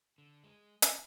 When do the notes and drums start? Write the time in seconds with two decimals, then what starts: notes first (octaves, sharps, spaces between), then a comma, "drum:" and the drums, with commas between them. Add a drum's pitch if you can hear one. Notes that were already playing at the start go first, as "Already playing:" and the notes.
0.18 D3
0.44 G#3
0.82 drum: hi-hat